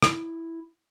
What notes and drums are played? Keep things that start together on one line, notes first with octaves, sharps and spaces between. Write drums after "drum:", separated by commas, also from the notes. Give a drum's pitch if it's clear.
E4, drum: rim click